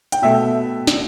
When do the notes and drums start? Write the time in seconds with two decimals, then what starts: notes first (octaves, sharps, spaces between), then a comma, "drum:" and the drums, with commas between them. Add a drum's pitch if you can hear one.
0.12 G5, drum: hi-hat
0.22 B2 A3 E5
0.87 drum: snare